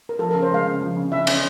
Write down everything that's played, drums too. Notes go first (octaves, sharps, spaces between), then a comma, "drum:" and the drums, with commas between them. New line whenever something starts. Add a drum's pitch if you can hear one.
A#4
F3 A4
A#4
C#3
C5
G#3 F5
C#3
F3
C#3
E3 E5
C#4, drum: cymbal